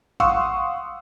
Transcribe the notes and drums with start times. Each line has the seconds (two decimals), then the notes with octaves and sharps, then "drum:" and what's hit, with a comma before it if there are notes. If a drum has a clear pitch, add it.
0.20 F5 F#5 C6 C#6 D#6 E6, drum: kick A1